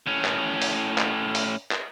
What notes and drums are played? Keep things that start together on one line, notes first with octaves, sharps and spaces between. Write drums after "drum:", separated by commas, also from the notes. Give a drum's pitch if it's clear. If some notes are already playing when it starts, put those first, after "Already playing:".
A2 C#4
drum: clap
drum: open hi-hat
drum: clap
drum: open hi-hat
drum: clap